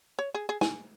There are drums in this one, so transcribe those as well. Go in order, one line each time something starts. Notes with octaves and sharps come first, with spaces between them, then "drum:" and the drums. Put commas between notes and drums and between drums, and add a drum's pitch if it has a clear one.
C#5
G#4
G#4
G#5, drum: snare